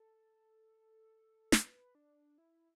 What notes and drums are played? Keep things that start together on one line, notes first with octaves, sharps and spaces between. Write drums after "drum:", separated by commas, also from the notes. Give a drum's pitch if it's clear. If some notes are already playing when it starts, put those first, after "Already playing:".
Already playing: A4
B4, drum: snare
D4
E4